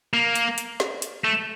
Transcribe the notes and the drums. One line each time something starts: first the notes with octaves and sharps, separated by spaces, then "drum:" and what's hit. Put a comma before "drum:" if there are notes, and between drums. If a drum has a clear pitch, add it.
A#3
drum: hi-hat
drum: hi-hat
drum: snare
drum: hi-hat
A3